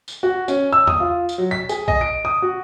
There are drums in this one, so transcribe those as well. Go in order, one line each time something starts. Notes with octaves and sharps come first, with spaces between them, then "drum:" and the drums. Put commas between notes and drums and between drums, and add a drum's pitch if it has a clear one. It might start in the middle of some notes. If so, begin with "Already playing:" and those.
drum: tambourine
F#4
C#4, drum: tambourine
E6
D#6, drum: tom E2
F4
drum: tambourine
F#3
B6
G#4, drum: tambourine
D#5, drum: kick B1
D7
D#6
F#4